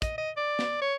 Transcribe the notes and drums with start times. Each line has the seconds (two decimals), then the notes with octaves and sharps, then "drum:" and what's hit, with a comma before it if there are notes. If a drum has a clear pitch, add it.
0.02 D#5, drum: kick, hi-hat
0.18 D#5
0.36 D5
0.59 drum: snare
0.81 C#5